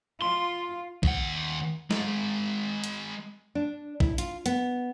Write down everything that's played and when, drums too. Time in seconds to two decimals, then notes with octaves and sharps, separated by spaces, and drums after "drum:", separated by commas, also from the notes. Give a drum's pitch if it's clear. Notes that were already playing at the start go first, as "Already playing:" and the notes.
0.22 F4 C6
1.03 D#2 F#5, drum: kick A#1
1.91 G#3 A#4, drum: snare
2.84 drum: hi-hat
3.55 D4
4.00 E4, drum: kick A#1
4.18 F4, drum: hi-hat
4.46 B3, drum: hi-hat